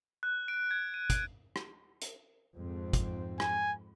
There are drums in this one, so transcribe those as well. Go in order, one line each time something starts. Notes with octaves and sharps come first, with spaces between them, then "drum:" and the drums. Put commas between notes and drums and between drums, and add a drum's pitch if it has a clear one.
F#6
D7
G#6
D#7
D7, drum: kick, hi-hat
drum: rim click
drum: hi-hat
F2 G#2 C4
drum: kick, hi-hat
G#5, drum: rim click